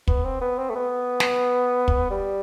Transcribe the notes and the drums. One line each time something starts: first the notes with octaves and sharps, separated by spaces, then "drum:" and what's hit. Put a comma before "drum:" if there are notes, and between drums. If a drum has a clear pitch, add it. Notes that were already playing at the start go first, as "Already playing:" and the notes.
B3, drum: kick
C4
B3
C4
A3
B3
drum: snare
drum: kick
G3